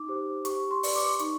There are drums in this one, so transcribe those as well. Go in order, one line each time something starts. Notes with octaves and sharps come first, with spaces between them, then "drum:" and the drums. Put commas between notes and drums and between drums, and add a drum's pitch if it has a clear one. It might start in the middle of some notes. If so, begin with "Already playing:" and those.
Already playing: D#4 D6
G4 C5
G4 C#6, drum: hi-hat
C6
B4 D5, drum: open hi-hat
D6
D#4 C#6, drum: hi-hat